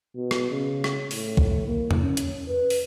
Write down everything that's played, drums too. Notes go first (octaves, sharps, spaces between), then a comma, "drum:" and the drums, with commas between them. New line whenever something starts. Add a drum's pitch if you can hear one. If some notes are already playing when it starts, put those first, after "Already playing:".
B2
drum: rim click
C#3
drum: rim click
A2, drum: open hi-hat
drum: kick
A#3
drum: tom E2
C#4
drum: hi-hat
B4
drum: open hi-hat